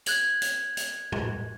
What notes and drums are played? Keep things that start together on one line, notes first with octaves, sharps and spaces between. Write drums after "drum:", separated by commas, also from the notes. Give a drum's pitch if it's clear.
F#6 G#6 F#7, drum: hi-hat
drum: hi-hat
drum: hi-hat
drum: tom A2